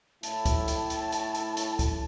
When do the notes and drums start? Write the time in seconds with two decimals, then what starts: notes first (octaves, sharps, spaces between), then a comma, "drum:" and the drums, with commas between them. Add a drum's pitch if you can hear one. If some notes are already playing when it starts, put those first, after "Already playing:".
0.23 A2 E4 A5, drum: hi-hat
0.45 drum: kick C#2, hi-hat
0.68 drum: hi-hat
0.90 drum: hi-hat
1.12 drum: hi-hat
1.35 drum: hi-hat
1.57 drum: hi-hat
1.79 drum: kick C#2, hi-hat